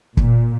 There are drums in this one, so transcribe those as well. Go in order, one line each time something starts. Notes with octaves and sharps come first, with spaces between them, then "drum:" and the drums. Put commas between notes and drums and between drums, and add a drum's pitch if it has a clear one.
A#2, drum: kick